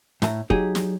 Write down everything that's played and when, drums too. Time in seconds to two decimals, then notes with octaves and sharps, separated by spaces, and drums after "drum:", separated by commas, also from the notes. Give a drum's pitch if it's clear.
0.22 A2 A3 A5 A#5, drum: snare
0.50 F#3 D#4 G4 G#4, drum: kick
0.75 drum: snare